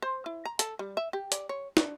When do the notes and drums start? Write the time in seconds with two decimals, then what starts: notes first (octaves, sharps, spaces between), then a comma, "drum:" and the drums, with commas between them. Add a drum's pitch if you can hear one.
0.02 C5
0.26 E4
0.46 A#5
0.59 A4, drum: hi-hat
0.79 G3
0.97 E5
1.13 G4
1.32 D5, drum: hi-hat
1.49 C#5
1.77 D4, drum: snare